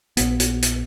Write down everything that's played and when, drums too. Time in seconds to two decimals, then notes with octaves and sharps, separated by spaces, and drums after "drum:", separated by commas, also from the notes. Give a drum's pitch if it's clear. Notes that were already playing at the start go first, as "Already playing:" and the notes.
0.17 A#1 B3, drum: hi-hat
0.40 drum: hi-hat
0.62 drum: hi-hat